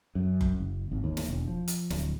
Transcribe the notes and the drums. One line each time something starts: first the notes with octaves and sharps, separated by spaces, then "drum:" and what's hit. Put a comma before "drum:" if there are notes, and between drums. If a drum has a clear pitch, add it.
F#2
drum: kick F#1
F#1
G#1
D#2
drum: snare
E1
F3
drum: hi-hat
D1, drum: snare